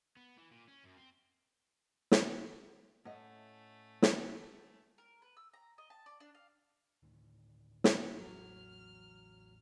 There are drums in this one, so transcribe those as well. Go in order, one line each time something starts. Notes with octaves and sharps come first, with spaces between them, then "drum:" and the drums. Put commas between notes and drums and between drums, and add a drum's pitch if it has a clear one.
B3
E3
A#2
C#4
F#2
C4
drum: snare
A2 A3 C#4 C#5 D#5 F#5
drum: snare
A#4
B4
E6
A#5
D#5
A5
D5
D4
F5
D2 A2 D#3
drum: snare
A1 E2 F#3 F6